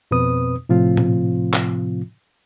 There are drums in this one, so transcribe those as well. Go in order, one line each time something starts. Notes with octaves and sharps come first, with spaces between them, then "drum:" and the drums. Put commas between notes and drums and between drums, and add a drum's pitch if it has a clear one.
F2 B2 C4 B4 D#6
A2 C3 F3 C4 F4
drum: tom A#2
drum: clap